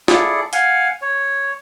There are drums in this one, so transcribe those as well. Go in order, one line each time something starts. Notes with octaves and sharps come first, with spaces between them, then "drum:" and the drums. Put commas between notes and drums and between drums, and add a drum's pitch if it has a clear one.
E4 G#4 A4 D5, drum: snare
F5 F#5 G#5, drum: hi-hat
C#5